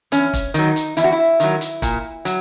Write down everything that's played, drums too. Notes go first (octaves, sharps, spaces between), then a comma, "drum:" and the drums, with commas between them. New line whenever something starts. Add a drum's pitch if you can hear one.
E2 C#4, drum: hi-hat
drum: kick, hi-hat
D#3 F#3 D#4, drum: hi-hat
drum: hi-hat
E2 E4, drum: hi-hat
F#4
E4
D#3 F#3, drum: hi-hat
drum: hi-hat
A#2, drum: kick, hi-hat
F#3, drum: hi-hat